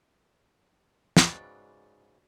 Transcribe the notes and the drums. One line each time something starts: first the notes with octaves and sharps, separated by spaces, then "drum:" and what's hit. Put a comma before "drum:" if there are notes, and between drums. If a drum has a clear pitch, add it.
G#2 C#3 F#4 B4 D5, drum: snare